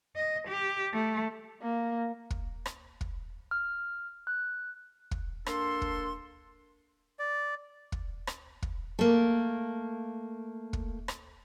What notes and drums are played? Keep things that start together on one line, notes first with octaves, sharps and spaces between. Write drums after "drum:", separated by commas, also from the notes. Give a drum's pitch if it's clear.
D#5
G4
A3
A#3
drum: kick
drum: rim click
drum: kick
F6
F#6
drum: kick
A#3 D4 A4 C6, drum: rim click
drum: kick
D5
drum: kick
drum: rim click
drum: kick
A3 A#3
drum: kick
drum: rim click